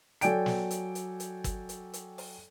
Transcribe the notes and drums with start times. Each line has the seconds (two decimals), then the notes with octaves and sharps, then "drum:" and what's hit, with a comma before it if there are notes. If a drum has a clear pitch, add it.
0.21 F#3 A4 D5 G5 G#5 D7, drum: hi-hat
0.46 drum: snare
0.71 drum: hi-hat
0.95 drum: hi-hat
1.20 drum: hi-hat
1.44 drum: kick, hi-hat
1.69 drum: hi-hat
1.93 drum: hi-hat
2.18 drum: open hi-hat